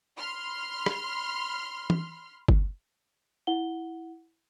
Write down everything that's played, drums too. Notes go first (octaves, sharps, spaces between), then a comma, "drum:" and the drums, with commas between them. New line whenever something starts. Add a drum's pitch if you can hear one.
B5 C6 F6
drum: rim click
drum: tom
drum: kick G1
E4 F#5 G7